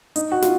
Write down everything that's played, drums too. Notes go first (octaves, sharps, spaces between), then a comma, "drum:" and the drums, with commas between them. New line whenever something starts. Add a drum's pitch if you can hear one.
D#4, drum: hi-hat
F#4
F4, drum: snare